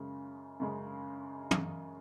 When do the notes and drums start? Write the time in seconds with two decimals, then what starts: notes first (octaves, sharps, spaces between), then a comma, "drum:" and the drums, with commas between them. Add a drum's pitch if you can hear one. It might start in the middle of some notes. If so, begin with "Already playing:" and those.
Already playing: F#2 C#3 G#3
0.60 F#2 C#3 G#3
1.51 drum: tom